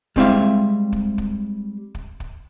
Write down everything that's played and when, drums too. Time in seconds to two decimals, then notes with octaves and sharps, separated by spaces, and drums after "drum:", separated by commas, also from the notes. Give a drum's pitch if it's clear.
0.16 G3 G#3 C4 E4 E5 F5, drum: kick
0.92 drum: kick
1.18 drum: kick
1.95 drum: kick
2.20 drum: kick